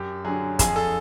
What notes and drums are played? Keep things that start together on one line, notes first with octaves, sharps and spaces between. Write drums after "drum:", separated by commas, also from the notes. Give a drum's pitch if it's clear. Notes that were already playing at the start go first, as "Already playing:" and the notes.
Already playing: F#2 G4
D3 F#3 G#4
F2 G#4, drum: kick, hi-hat
A4